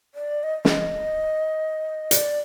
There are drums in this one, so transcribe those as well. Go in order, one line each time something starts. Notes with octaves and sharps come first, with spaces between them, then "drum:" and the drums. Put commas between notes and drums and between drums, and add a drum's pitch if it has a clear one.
D5
D#5
D#5, drum: snare
D5, drum: hi-hat